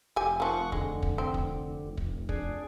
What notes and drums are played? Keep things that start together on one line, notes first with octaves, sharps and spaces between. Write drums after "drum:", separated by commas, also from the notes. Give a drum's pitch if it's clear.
F1 G4 G#5
D#3 F3 F#5 C#6
D3 G#3, drum: kick
drum: kick
C4
drum: kick
drum: kick
D4 G#4, drum: kick